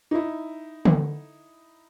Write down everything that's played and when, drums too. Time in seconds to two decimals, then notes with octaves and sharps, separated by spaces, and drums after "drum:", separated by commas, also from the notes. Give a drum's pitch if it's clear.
0.11 D#4 E4
0.85 drum: tom D3